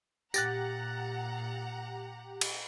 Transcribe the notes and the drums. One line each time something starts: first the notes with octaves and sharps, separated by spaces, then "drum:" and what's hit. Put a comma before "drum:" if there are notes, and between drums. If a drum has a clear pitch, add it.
A#2 G4 F#5 A#5 F#6 A6 A#6, drum: tambourine
drum: cymbal